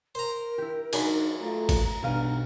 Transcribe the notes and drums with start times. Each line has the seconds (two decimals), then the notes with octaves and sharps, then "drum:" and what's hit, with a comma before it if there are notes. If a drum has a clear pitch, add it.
0.15 A#4 C5 A#5
0.58 E4 G4
0.93 F#2 D4 D#4 G#4 B4 B5, drum: cymbal
1.41 A3 F4 A#5
1.69 drum: kick A1, cymbal
2.02 B1 G2 B3 F5 D#7